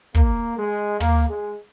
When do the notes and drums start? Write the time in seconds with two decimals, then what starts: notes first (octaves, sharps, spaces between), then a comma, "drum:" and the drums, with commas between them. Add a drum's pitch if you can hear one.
0.15 A#3, drum: kick
0.57 G#3
1.00 A#3, drum: tom
1.28 G#3